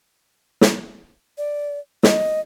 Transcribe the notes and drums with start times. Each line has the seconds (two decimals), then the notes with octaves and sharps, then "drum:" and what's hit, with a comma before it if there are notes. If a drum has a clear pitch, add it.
0.61 drum: snare
1.38 D5
2.03 D#5, drum: snare